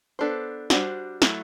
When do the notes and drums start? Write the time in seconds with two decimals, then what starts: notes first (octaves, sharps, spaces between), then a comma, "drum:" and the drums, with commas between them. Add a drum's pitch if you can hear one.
0.19 B3 D4 A4 C5
0.70 G3 D4 F#4 C5, drum: snare
1.22 F#3 A3 E4, drum: snare